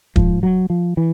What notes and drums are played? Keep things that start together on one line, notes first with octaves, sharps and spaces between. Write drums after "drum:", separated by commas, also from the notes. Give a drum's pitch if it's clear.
G#2 F3, drum: kick
F#3
F3
E3